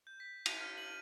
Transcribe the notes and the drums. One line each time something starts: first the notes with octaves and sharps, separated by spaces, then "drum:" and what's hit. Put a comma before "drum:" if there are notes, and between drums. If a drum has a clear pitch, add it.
G6
B6
D#7, drum: cymbal
F6
F#7